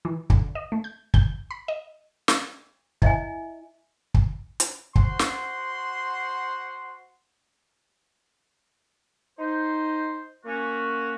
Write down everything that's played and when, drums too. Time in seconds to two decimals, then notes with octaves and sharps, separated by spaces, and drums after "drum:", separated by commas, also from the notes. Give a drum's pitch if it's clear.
0.05 E3
0.30 D3, drum: kick
0.55 D#5
0.72 A3
0.84 G6
1.14 G6, drum: kick
1.51 B5
1.68 D#5
2.28 drum: snare
3.02 E4 D#5 E5 G#5, drum: kick
4.14 drum: kick
4.60 drum: hi-hat
4.96 F#4 C5 F#5 C6, drum: kick
5.19 drum: snare
9.39 D#4 C5
10.45 A#3 C#4 F#4